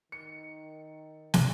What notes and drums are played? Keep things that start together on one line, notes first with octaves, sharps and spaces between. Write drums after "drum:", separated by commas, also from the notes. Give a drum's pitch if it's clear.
D#3 C#7
drum: snare